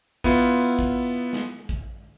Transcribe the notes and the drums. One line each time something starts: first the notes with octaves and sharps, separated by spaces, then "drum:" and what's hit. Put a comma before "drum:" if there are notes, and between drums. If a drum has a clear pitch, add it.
B3 E4 F4, drum: kick A1
drum: kick A1
drum: snare
drum: kick A1